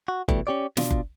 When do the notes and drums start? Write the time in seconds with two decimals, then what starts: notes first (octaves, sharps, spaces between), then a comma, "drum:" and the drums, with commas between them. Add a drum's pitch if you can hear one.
0.08 F#4
0.29 B2 E3 G3 A3, drum: kick F#1
0.47 C#4 D4 G4 C#5 D5
0.77 B2 D4 F4, drum: snare
0.91 drum: kick F#1